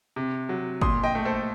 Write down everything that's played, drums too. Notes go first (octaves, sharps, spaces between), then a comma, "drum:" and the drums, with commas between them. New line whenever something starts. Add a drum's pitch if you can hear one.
C3
F#3
A#2 C6 D#6, drum: kick
D#5 G5
A3
A4 C5